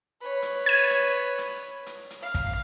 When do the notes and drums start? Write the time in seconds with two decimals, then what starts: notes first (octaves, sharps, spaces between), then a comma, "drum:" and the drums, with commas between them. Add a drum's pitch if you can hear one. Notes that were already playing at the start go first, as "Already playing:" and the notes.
0.21 B4 C#5
0.42 drum: hi-hat
0.66 G#6 D#7
0.90 drum: hi-hat
1.38 drum: hi-hat
1.86 drum: hi-hat
2.10 drum: hi-hat
2.22 F5
2.34 drum: kick, hi-hat